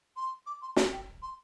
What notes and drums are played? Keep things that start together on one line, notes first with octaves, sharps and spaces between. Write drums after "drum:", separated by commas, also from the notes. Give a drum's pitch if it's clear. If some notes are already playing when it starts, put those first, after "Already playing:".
C6
D6
C6
G#5, drum: snare
G5
C6